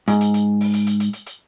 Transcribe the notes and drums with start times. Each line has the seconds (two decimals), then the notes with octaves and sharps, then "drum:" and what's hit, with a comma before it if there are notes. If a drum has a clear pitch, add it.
0.08 G#2, drum: hi-hat
0.21 drum: hi-hat
0.34 drum: hi-hat
0.61 drum: open hi-hat
0.74 drum: hi-hat
0.87 drum: hi-hat
1.00 drum: hi-hat
1.13 drum: hi-hat
1.27 drum: hi-hat